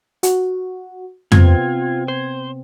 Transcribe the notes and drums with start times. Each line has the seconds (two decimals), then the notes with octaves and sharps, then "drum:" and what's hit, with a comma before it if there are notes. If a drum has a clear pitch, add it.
0.23 F#4, drum: hi-hat
1.32 C3 B3 C4 F4 G#6, drum: tom
2.08 C5